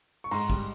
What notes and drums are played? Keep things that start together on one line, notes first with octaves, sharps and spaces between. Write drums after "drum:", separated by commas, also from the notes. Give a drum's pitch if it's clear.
C#6
G#2 A#5 C6, drum: open hi-hat
G3, drum: kick